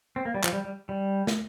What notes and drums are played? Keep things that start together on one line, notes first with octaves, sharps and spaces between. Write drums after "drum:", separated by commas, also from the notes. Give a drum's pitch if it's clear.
C4
A#3
G3
F3, drum: clap
G3
G3
G3
drum: snare